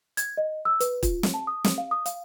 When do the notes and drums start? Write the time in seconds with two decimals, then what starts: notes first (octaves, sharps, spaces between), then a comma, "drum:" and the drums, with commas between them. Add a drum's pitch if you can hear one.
0.17 G#6, drum: hi-hat
0.37 D#5
0.65 E6
0.80 B4, drum: hi-hat
1.03 F4, drum: kick, hi-hat
1.23 drum: snare
1.34 A5
1.47 D#6
1.64 drum: snare
1.78 F5
1.91 D#6
2.06 F5, drum: hi-hat